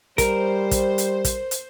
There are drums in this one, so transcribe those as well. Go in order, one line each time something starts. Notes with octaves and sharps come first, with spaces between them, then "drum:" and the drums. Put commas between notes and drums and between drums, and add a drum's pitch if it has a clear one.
G3 A#4 C5, drum: kick, hi-hat
drum: kick, hi-hat
drum: hi-hat
drum: kick, hi-hat
drum: hi-hat